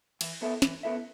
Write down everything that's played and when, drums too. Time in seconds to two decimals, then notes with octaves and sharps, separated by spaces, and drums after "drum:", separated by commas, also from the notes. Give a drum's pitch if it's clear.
0.21 E3, drum: cymbal
0.42 B3 E4 A4 E5
0.62 E3, drum: snare
0.83 B3 E4 A4 E5